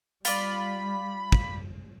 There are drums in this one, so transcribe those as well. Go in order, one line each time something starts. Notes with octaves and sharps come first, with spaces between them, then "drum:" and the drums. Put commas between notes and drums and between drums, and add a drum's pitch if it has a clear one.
G3 F4 D5 B5, drum: hi-hat
drum: kick